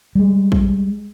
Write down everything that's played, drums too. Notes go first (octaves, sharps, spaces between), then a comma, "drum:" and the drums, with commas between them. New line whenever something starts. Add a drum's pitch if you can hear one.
G3 G#3
drum: kick